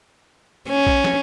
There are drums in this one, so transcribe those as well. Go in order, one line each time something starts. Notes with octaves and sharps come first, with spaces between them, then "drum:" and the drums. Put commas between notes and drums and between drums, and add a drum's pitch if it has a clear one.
C#4
drum: kick A#1
drum: snare